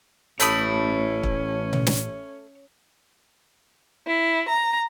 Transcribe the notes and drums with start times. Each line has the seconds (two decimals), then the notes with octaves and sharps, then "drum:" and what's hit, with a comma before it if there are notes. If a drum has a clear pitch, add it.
0.40 A1 A3 C#4 C#5 A5 B5 D#6, drum: hi-hat
1.23 drum: kick
1.73 drum: tom A#2
1.87 drum: snare
4.06 E4
4.48 A#5